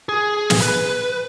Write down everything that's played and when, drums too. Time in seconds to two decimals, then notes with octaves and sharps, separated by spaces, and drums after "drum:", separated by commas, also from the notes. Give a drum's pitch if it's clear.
0.09 G#4
0.50 drum: snare
0.62 B4